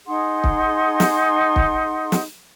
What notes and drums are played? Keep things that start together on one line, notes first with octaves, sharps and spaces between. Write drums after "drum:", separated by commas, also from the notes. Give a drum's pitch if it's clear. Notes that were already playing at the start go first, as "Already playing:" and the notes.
D#4 G#4 F#5 C6
drum: kick
drum: snare
drum: kick
drum: snare